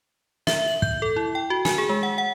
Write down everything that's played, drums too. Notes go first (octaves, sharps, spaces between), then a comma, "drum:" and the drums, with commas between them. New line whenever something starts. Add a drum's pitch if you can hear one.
E5, drum: snare
F#7
G6, drum: kick
A4
E4
G5
F#4
G#5, drum: snare
G#4
G#3
F#5
F#5